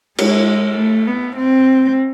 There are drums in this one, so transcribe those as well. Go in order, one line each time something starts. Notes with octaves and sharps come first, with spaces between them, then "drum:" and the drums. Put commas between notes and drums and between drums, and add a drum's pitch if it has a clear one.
G#3, drum: cymbal
A3
B3
C4